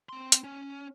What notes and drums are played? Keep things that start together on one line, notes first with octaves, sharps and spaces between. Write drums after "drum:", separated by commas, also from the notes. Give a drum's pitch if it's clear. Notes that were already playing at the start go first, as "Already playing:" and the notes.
C4 C6
drum: hi-hat
C#4